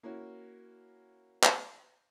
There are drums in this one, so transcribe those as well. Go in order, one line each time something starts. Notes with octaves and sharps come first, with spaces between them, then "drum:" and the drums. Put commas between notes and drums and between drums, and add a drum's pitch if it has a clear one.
A#3 C#4 E4 F#4
drum: clap